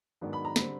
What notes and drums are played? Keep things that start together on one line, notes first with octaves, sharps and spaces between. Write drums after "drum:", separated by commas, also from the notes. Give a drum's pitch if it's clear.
G#2 D#3 F#3 B3 D4
B5
A#5
D3 G3 C4 B5, drum: snare